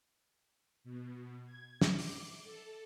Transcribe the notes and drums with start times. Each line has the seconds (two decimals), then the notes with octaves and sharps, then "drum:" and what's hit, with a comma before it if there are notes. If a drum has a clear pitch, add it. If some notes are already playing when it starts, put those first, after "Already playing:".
0.84 B2
1.46 G#6
1.82 D6, drum: snare
1.98 drum: open hi-hat
2.44 A4